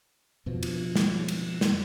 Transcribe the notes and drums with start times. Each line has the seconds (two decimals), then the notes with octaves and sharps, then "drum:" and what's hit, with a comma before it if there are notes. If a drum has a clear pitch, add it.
0.46 F2 B2 F3
0.63 drum: cymbal
0.96 drum: snare
1.28 drum: cymbal
1.61 drum: snare